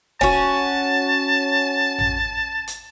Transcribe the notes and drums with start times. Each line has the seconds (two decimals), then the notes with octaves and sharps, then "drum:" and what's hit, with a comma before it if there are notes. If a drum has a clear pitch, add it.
0.21 C#4 F#4 A5, drum: kick
1.98 drum: tom A1
2.68 drum: hi-hat